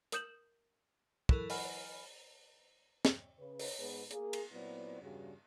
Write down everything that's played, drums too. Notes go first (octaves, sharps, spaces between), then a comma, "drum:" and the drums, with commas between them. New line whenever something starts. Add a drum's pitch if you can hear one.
A#4 D#6 G6 E7 F#7, drum: hi-hat
E3 F#3 E4 A4 A#4, drum: kick
D#5 F#5 G#5 B5 F6, drum: open hi-hat
drum: snare
C#3 B4
drum: open hi-hat
G#2 B3 G#4 B4
A#3 G#4, drum: hi-hat
drum: cymbal
A#2 F#3 B3 C4 E4 D5
E2 G2 C#3 G3 F#4 G#4